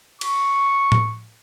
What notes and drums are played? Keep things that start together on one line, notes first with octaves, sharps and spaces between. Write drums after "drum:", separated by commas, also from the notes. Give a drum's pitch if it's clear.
C#6, drum: cymbal
drum: tom A2